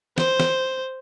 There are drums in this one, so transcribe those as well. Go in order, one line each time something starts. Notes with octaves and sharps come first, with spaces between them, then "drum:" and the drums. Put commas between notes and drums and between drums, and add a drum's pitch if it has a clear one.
C5, drum: snare
drum: snare